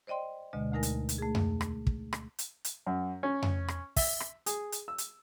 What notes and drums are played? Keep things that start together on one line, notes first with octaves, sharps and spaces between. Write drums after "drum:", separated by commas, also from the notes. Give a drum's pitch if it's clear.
C5 D5 D#5 G5 C6
D2 B2 D3 G#3 D#5
D2 A3 D#4 A#4 G#5 A#6
drum: hi-hat
drum: hi-hat
A3 G#4
drum: tom F2
drum: rim click
drum: kick
drum: rim click
drum: hi-hat
drum: hi-hat
F#2
C#4
drum: tom F2
drum: rim click
E5, drum: kick, open hi-hat
drum: rim click
G#4, drum: hi-hat
drum: hi-hat
E6
drum: hi-hat